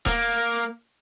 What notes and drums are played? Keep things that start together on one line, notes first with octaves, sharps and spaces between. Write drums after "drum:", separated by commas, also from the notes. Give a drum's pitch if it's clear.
A#3, drum: kick